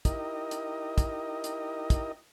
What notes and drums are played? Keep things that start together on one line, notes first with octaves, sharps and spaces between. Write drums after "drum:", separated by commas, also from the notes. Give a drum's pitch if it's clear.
D#4 E4 G4 A#4 D#5, drum: kick, hi-hat
drum: hi-hat
drum: kick, hi-hat
drum: hi-hat
drum: kick, hi-hat